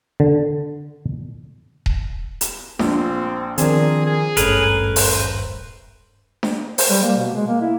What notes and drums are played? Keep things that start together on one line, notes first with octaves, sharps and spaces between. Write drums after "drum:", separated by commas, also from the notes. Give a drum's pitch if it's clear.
D3
drum: kick D#1
drum: hi-hat
A#1 C4, drum: snare D4
D#3 F3 C4 D4 G#4 A#4, drum: hi-hat
G#4
D#1 G#1 G2 A3 C#4 A#4 B4, drum: hi-hat
C5, drum: open hi-hat
drum: snare D4
C5, drum: open hi-hat
G3
A#3
B2
G#3
A#3
E4